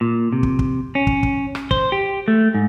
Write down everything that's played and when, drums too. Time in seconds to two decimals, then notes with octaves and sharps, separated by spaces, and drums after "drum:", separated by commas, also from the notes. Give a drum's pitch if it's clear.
0.01 A#2
0.33 C3
0.43 drum: kick
0.59 drum: kick
0.95 C#4
1.07 drum: kick
1.23 drum: kick
1.55 drum: rim click
1.71 C5, drum: kick
1.92 G4
2.28 A3
2.55 G#2